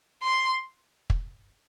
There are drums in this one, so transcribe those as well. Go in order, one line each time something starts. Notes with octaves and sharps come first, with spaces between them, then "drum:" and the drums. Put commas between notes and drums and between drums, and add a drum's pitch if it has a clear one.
C6
drum: kick